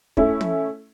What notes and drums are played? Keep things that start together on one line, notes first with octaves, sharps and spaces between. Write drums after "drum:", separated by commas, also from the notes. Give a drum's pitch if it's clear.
A3 C#4 E4, drum: kick
drum: tom